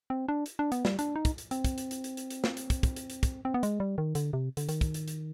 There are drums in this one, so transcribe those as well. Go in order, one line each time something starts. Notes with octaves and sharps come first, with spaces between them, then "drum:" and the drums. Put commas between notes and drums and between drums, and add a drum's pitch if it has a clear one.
C4
D4
drum: hi-hat
D4
B3, drum: hi-hat
G3, drum: snare
D4, drum: hi-hat
D#4
drum: kick, hi-hat
drum: hi-hat
C4, drum: hi-hat
drum: kick, hi-hat
drum: hi-hat
drum: hi-hat
drum: hi-hat
drum: hi-hat
drum: hi-hat
drum: snare
drum: hi-hat
drum: kick, hi-hat
drum: kick, hi-hat
drum: hi-hat
drum: hi-hat
drum: kick, hi-hat
C4
B3
G#3, drum: hi-hat
G3
D#3
D3, drum: hi-hat
C3
D3, drum: hi-hat
D#3, drum: hi-hat
drum: kick, hi-hat
drum: hi-hat
drum: hi-hat